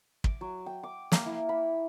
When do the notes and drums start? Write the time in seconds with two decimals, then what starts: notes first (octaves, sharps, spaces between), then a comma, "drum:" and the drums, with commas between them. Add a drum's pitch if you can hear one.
0.24 D6, drum: kick
0.41 F#3
0.66 G5
0.83 D6
1.12 A#3, drum: snare
1.26 E4
1.49 B5